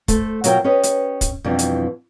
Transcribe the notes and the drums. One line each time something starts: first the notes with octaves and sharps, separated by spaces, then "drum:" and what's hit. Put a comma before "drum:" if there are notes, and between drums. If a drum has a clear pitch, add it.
A3 A4 C5, drum: kick, hi-hat
B2 F#3 F4 A#4 D#5 G5, drum: hi-hat
C#4 G4 B4 D#5
drum: hi-hat
drum: kick, hi-hat
F2 B2 E3 G3 D4
drum: hi-hat